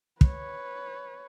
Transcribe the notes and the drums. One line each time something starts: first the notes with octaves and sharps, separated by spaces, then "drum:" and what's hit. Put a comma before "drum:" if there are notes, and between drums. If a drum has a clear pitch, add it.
B4 C#5, drum: kick